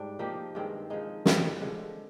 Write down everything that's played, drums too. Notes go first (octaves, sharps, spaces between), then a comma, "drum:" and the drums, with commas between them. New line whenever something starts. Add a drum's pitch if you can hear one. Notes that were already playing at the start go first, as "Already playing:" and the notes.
Already playing: G#2 G3 D4
F3 A#3 D#4 G4
G2 D#3 G#3 C4
F3 G#3 D#4
C3 D#3 G3 C4, drum: snare
D3 F3 G#3